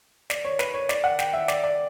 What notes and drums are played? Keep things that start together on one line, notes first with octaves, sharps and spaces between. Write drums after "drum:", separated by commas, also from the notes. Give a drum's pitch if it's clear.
D5, drum: snare
C#5
B4, drum: snare
C#5
D5, drum: snare
F#5
G5, drum: snare
E5
D5, drum: snare
D5